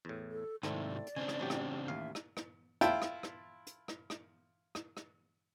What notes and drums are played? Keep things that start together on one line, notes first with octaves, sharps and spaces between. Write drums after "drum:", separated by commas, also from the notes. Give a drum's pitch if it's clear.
E2 A2
A4
G#2 C3 D#3 A3 C4 E4 D5, drum: rim click
drum: hi-hat
C#3 C4 D4 G#5
drum: rim click
A1 F#3 G4
drum: rim click
A1 D#2 E5 F5
drum: rim click
drum: rim click
E4 F4 E5 F5 G5 A5, drum: hi-hat
drum: rim click
drum: rim click
drum: hi-hat
drum: rim click
drum: rim click
drum: rim click
drum: rim click